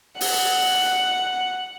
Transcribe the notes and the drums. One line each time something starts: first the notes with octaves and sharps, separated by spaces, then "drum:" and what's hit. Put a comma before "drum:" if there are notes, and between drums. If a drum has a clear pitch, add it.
F#5, drum: open hi-hat